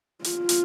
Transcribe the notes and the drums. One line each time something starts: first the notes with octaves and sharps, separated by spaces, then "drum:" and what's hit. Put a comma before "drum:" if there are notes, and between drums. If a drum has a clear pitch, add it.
F4, drum: hi-hat
drum: hi-hat